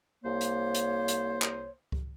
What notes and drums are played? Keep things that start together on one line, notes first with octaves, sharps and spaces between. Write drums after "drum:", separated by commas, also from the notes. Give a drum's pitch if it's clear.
C2 A#3 C5 C#5
drum: hi-hat
drum: hi-hat
drum: hi-hat
drum: clap
drum: kick C#2